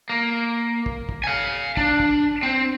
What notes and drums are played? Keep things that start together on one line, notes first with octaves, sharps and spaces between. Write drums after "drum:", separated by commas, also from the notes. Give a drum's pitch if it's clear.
A#3
drum: kick
drum: kick
F5 G#5
D4, drum: kick
drum: kick
C4